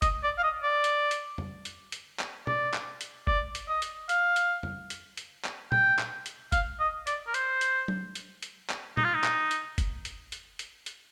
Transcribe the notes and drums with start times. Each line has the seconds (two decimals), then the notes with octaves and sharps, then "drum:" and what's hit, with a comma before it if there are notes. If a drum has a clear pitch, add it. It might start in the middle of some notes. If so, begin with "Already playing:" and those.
0.02 D#5, drum: kick F#1, hi-hat
0.23 D5
0.38 F5
0.43 D#5
0.63 D5
0.84 drum: hi-hat
1.11 drum: hi-hat
1.38 drum: tom F2
1.65 drum: hi-hat
1.92 drum: hi-hat
2.19 drum: clap
2.47 D5, drum: tom
2.74 drum: clap
3.01 drum: hi-hat
3.27 D5, drum: kick F#1
3.55 drum: hi-hat
3.69 D#5
3.82 drum: hi-hat
4.09 F5, drum: hi-hat
4.36 drum: hi-hat
4.63 drum: tom F2
4.90 drum: hi-hat
5.17 drum: hi-hat
5.45 drum: clap
5.72 G5, drum: tom A#2
5.99 drum: clap
6.26 drum: hi-hat
6.52 F5, drum: kick F#1, hi-hat
6.80 D#5
7.07 D5, drum: hi-hat
7.27 A#4
7.34 C5, drum: hi-hat
7.61 drum: hi-hat
7.88 drum: tom
8.15 drum: hi-hat
8.43 drum: hi-hat
8.70 drum: clap
8.97 D#4, drum: tom A#2
9.05 F4
9.14 D#4
9.24 drum: clap
9.51 drum: hi-hat
9.78 drum: kick F#1, hi-hat
10.05 drum: hi-hat
10.32 drum: hi-hat
10.59 drum: hi-hat
10.86 drum: hi-hat